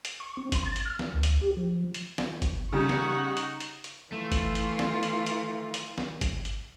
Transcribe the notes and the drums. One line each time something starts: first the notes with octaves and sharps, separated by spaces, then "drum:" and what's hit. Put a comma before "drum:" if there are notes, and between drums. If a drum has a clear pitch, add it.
drum: hi-hat
C#6
C4
C6, drum: kick G1, hi-hat
A6
drum: hi-hat
F6
E3, drum: snare
D2
drum: hi-hat
G4
F3
drum: hi-hat
drum: snare
drum: kick G1, hi-hat
C#3 G3 D#4 F#5 C#6
drum: snare
drum: hi-hat
drum: hi-hat
drum: hi-hat
E3 A3 F4
drum: kick G1, hi-hat
drum: hi-hat
drum: snare
drum: hi-hat
drum: hi-hat
drum: hi-hat
drum: snare
drum: kick G1, hi-hat
drum: hi-hat